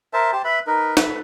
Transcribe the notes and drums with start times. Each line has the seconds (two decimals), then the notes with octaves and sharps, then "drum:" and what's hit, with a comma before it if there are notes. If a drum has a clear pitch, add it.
0.13 A#4 C5 E5 A5
0.32 G4 C5 A5
0.44 B4 E5 B5
0.67 D#4 A#4 B4
0.97 A4 B4, drum: snare